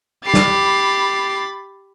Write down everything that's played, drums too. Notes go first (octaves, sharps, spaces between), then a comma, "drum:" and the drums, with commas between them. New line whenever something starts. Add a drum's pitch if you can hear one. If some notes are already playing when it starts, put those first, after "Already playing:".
G4 B5 A6 C7
drum: snare